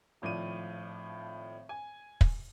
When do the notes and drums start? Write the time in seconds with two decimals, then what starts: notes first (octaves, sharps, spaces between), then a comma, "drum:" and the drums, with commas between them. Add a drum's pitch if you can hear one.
0.22 G#1 A2 F3 D5 D#7
1.69 G#5
2.21 drum: kick